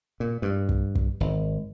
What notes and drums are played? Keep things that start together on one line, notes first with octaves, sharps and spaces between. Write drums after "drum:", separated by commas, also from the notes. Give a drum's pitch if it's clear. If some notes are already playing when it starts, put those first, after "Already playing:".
A#2
G2
drum: kick
drum: kick
G#1